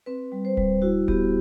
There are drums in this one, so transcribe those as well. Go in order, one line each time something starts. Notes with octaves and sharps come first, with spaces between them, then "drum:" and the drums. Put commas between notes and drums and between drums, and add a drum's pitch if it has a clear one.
C4 B4
G3
C5
G3, drum: kick D1
E4 F#4
B3 G4, drum: kick D1